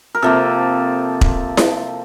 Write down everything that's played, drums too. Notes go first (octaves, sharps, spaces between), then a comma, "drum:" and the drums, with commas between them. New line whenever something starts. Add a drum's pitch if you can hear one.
A#4
C3 F3 A#3 A4
drum: kick E1
drum: snare E4